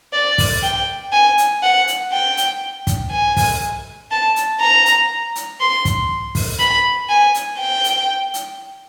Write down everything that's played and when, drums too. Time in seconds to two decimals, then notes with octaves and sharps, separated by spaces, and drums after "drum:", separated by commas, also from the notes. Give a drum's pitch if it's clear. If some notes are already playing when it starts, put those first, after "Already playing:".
0.13 D5
0.38 drum: kick, open hi-hat
0.63 G5
1.13 G#5
1.38 drum: hi-hat
1.63 F#5
1.87 drum: hi-hat
2.13 G5
2.37 drum: hi-hat
2.87 drum: kick, hi-hat
3.12 G#5
3.37 drum: kick, open hi-hat
4.11 A5
4.36 drum: hi-hat
4.61 A#5
4.86 drum: hi-hat
5.35 drum: hi-hat
5.60 C6
5.85 drum: kick, hi-hat
6.35 drum: kick, open hi-hat
6.60 B5
7.09 G#5
7.34 drum: hi-hat
7.59 G5
7.84 drum: hi-hat
8.34 drum: hi-hat